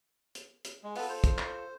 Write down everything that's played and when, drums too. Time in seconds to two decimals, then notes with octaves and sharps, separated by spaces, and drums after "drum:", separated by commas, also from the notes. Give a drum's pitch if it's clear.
0.35 drum: hi-hat
0.65 drum: hi-hat
0.84 G#3
0.96 B3 F4 A4 B4, drum: open hi-hat
1.09 C5
1.24 drum: kick, hi-hat
1.38 drum: clap